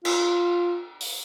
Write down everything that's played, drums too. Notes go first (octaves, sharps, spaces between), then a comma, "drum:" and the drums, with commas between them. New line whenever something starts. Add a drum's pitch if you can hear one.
F4, drum: cymbal
drum: open hi-hat